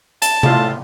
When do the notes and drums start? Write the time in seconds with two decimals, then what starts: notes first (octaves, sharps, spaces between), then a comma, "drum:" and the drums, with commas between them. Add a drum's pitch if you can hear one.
0.22 A5, drum: hi-hat
0.43 A2 F4, drum: tom C3